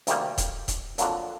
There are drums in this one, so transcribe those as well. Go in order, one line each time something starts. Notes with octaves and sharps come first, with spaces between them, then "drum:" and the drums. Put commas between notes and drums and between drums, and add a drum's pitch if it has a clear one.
D2 C3 D#3 G3 A#3, drum: hi-hat
drum: kick D#1, hi-hat
drum: kick D#1, hi-hat
F2 D3 F#3 A#3 D4, drum: hi-hat